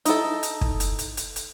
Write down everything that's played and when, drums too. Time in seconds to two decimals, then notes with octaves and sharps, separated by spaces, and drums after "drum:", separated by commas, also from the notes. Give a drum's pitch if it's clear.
0.05 D#4 E4 A4, drum: hi-hat
0.43 drum: hi-hat
0.61 drum: kick
0.80 drum: hi-hat
0.99 drum: hi-hat
1.17 drum: hi-hat
1.36 drum: hi-hat